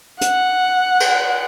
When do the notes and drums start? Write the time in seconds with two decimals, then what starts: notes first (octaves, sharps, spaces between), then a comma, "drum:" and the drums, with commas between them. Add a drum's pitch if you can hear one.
0.21 F#5, drum: hi-hat
1.00 drum: cymbal